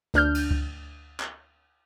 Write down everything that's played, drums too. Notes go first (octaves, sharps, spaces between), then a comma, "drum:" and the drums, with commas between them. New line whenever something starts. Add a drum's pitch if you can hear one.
D2 D4 F6 G6, drum: snare
drum: cymbal
drum: kick C#2
drum: clap